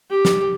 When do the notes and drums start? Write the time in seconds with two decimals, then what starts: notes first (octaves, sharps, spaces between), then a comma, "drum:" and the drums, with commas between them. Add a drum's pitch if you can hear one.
0.10 G4
0.25 drum: snare